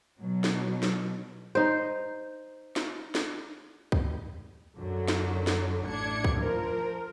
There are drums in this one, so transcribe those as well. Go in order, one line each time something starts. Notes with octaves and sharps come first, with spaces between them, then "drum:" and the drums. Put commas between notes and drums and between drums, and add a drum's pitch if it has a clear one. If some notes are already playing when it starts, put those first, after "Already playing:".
B2 F#3
drum: snare
drum: snare
D#4 C5
drum: snare
drum: snare
drum: kick
F#2 D3 F#3
drum: snare
drum: snare
A1 D4 G#6 C#7
drum: kick
F3 A#4